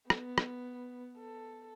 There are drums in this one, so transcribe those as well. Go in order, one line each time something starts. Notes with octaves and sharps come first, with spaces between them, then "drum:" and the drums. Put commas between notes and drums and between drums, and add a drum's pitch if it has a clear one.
B3, drum: rim click
drum: rim click
A4